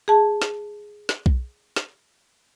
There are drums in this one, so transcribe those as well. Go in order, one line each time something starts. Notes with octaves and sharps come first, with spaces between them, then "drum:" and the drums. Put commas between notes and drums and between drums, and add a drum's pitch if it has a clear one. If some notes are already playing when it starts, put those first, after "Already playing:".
G#4 A5
drum: snare
drum: snare
drum: kick B1
drum: snare